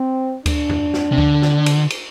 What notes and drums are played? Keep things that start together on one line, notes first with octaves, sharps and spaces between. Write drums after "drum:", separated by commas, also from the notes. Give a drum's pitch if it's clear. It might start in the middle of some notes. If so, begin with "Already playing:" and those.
Already playing: C4
D4, drum: kick D2, cymbal
drum: tom E2
drum: snare
C3
D3, drum: kick D2
drum: snare
drum: cymbal
drum: cymbal